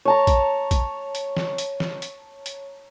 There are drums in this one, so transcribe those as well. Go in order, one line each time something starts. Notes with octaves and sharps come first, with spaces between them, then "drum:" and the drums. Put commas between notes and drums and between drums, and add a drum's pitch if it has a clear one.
C#5 A5 A#5
drum: kick, hi-hat
drum: kick, hi-hat
drum: hi-hat
drum: snare
drum: hi-hat
drum: snare
drum: hi-hat
drum: hi-hat